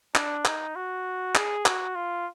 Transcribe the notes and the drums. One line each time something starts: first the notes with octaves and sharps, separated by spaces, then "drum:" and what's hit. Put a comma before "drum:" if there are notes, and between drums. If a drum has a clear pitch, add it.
D4, drum: clap
D#4, drum: clap
F#4
G#4, drum: clap
F#4, drum: clap
F4